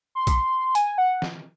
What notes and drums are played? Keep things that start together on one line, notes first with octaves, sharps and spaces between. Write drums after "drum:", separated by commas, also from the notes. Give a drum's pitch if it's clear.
C6
drum: kick A#1, hi-hat
G#5, drum: hi-hat
F#5
drum: snare